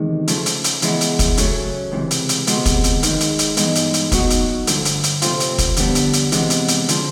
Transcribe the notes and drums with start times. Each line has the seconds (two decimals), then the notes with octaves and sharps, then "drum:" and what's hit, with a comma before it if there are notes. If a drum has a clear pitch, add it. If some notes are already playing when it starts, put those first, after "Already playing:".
Already playing: E2 C3 D#3 G#3
0.28 C#3 F3 A3, drum: hi-hat
0.46 drum: hi-hat
0.64 drum: hi-hat
0.82 C#3 E3 G#3 B3 E4, drum: hi-hat
1.01 drum: hi-hat
1.19 drum: kick, hi-hat
1.37 C#3 F#3 A3 C#4, drum: hi-hat
1.92 C#2 C3 E3
2.11 drum: hi-hat
2.29 drum: hi-hat
2.47 D2 C3 F3 G#3 B3, drum: hi-hat
2.66 drum: kick, hi-hat
2.84 drum: hi-hat
3.03 D#2 D#3 G#3, drum: hi-hat
3.20 drum: hi-hat
3.39 drum: hi-hat
3.57 G2 E3 G#3 B3 D#4, drum: hi-hat
3.75 drum: hi-hat
3.94 drum: hi-hat
4.12 A2 F#3 B3 D#4 F#4, drum: kick, hi-hat
4.30 drum: hi-hat
4.67 G2 D3 F3 A3, drum: hi-hat
4.85 drum: hi-hat
5.04 drum: hi-hat
5.22 C3 F3 A3 C4 F4, drum: hi-hat
5.40 drum: hi-hat
5.58 drum: kick, hi-hat
5.77 F2 D3 G3 B3 D4, drum: hi-hat
5.95 drum: hi-hat
6.13 drum: hi-hat
6.32 F2 C3 E3 G#3 B3, drum: hi-hat
6.50 drum: hi-hat
6.68 drum: hi-hat
6.89 D3 F3, drum: hi-hat